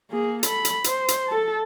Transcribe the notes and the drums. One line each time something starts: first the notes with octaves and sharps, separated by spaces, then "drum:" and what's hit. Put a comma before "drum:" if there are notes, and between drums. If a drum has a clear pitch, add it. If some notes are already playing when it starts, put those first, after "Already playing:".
A#3 G#4
A4 B5, drum: hi-hat
drum: hi-hat
C5, drum: hi-hat
drum: hi-hat
A4 A5